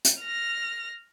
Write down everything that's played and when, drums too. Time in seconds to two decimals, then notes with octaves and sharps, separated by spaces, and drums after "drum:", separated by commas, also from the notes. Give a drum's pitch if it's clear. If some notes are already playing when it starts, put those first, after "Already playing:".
0.05 drum: hi-hat
0.21 F6 A#6